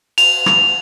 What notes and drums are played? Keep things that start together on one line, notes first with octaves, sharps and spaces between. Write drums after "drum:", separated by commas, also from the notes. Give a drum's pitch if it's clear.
F7, drum: cymbal
drum: rim click